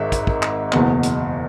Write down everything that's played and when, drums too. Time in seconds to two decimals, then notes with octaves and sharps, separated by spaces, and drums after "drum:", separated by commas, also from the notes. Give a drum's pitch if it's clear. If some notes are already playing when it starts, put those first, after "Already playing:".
Already playing: G#1 G#2 D#3 E5
0.12 drum: kick, hi-hat
0.27 drum: kick
0.42 drum: clap
0.72 F#1 E2 B2, drum: clap
1.03 drum: hi-hat